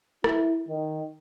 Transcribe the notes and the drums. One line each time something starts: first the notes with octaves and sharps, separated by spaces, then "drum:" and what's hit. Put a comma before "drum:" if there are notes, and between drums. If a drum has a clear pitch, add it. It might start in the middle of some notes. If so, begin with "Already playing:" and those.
E4, drum: rim click
D#3